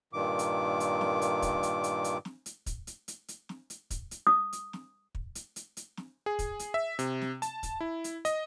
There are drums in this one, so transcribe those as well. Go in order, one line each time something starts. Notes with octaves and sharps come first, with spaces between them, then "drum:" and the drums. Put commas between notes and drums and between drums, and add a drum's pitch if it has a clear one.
G2 A#2 D#3 D6
drum: hi-hat
drum: hi-hat
drum: snare
drum: hi-hat
drum: kick, hi-hat
drum: hi-hat
drum: hi-hat
drum: hi-hat
drum: snare
drum: hi-hat
drum: kick, hi-hat
drum: hi-hat
drum: hi-hat
drum: hi-hat
drum: snare
drum: hi-hat
drum: kick, hi-hat
drum: hi-hat
D#6
drum: hi-hat
drum: snare
drum: kick
drum: hi-hat
drum: hi-hat
drum: hi-hat
drum: snare
G#4
drum: kick, hi-hat
drum: hi-hat
E5
C3, drum: hi-hat
drum: snare
A5, drum: hi-hat
drum: kick, hi-hat
E4
drum: hi-hat
D#5, drum: hi-hat